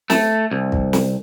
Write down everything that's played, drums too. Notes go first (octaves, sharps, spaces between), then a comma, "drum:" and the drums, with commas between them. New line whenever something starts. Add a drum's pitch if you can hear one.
A3, drum: snare
C2
drum: kick
drum: snare